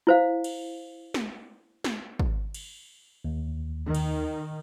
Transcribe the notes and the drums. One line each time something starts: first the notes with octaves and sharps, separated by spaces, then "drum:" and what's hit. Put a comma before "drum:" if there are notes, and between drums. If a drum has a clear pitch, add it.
E4 C5 F5
drum: cymbal
drum: snare
drum: snare
drum: kick
drum: cymbal
D#2
D#3
drum: cymbal